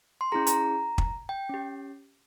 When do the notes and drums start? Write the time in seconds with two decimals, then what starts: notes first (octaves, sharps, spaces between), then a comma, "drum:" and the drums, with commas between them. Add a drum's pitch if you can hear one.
0.21 C6
0.32 C#4 E4 G#4 A#5
0.47 A#5, drum: hi-hat
0.98 drum: kick
1.29 G5
1.49 C#4 G4